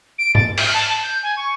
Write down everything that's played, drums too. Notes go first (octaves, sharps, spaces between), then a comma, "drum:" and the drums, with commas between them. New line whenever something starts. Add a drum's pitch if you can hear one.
D7
A6, drum: tom G#2
F6, drum: open hi-hat
A5
A5
G6
G#5
C#6